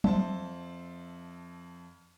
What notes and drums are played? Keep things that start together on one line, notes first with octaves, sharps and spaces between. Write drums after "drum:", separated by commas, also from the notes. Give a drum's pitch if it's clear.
F2 C5 E5 A5, drum: tom F#3